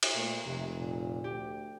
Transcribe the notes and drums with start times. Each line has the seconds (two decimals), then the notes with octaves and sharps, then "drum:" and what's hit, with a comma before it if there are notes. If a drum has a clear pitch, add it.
0.03 drum: cymbal
0.15 A#2 A3
0.45 F1 C3
0.78 A#2
1.24 D2 G4